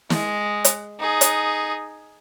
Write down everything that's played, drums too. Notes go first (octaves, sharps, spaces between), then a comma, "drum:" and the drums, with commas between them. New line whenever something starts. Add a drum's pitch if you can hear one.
G#3, drum: snare
drum: hi-hat
D#4 G#4
drum: hi-hat